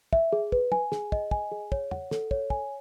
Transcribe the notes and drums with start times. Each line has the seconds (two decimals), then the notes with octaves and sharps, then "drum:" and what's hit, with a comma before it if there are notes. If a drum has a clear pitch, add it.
0.13 E5, drum: kick
0.33 G#4
0.52 B4, drum: kick
0.72 G#5, drum: tom
0.92 G#4, drum: snare
1.12 D#5, drum: kick
1.31 G#5, drum: kick
1.52 G#4
1.72 C#5, drum: kick
1.91 F#5, drum: tom
2.11 A4, drum: snare
2.31 C#5, drum: kick
2.50 G#5, drum: kick